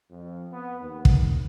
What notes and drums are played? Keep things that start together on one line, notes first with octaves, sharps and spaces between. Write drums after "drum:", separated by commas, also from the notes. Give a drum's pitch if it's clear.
F2
B3
D#2
drum: kick